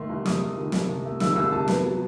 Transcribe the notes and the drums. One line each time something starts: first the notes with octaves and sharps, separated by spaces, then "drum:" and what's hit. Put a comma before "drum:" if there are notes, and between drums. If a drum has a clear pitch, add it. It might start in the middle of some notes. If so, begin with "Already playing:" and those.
Already playing: D#3 A3 C6
C2
C3 D#6, drum: snare
A3
D#3
C2, drum: snare
C3
A3
D#3 E6, drum: snare
C2 E6
C3 A5
B3, drum: snare
F#3